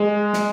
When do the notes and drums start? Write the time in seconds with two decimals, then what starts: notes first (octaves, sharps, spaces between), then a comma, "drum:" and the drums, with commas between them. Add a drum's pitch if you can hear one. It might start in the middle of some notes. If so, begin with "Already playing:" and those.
Already playing: G#3
0.33 drum: snare